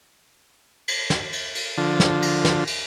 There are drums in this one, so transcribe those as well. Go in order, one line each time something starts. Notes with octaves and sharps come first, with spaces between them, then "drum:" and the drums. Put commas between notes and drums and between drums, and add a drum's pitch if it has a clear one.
drum: cymbal
drum: snare
drum: cymbal
drum: cymbal
D3 F3
drum: snare
drum: cymbal
drum: snare
drum: cymbal